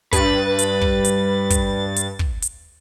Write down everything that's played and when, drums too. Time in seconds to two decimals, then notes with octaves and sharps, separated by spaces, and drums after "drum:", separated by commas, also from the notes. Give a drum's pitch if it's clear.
0.13 G2 B4 A6, drum: kick, hi-hat
0.59 drum: hi-hat
0.82 drum: kick
1.05 drum: hi-hat
1.50 drum: kick, hi-hat
1.96 drum: hi-hat
2.19 drum: kick
2.42 drum: hi-hat